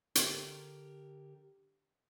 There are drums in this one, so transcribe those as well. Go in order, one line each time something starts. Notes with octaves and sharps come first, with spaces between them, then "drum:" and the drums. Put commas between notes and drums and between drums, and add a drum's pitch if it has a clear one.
D3 G4 A#4, drum: hi-hat